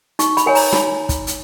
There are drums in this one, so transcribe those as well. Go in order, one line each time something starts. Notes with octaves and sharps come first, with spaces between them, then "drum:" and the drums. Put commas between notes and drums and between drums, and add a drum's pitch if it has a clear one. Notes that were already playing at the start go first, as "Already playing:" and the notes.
D#4 C#6, drum: hi-hat
B5, drum: hi-hat
A#4 C#5 G#5
A#5, drum: open hi-hat
D#4 B5, drum: snare
drum: kick, hi-hat
drum: hi-hat